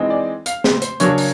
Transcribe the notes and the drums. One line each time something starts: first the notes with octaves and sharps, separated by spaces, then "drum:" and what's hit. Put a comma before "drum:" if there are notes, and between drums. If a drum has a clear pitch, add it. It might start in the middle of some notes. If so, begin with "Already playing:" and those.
Already playing: E3 G#3 C4 D#4
D5
F5, drum: hi-hat
C5, drum: snare
C5, drum: hi-hat
C#3 F#3 A#3 D4 C#5, drum: hi-hat
drum: open hi-hat